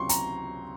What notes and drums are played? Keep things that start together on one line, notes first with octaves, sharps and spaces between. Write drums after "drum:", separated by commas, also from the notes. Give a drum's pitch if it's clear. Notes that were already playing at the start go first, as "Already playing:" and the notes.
Already playing: C#2 C3 F#3 C6 C#6
A#5, drum: hi-hat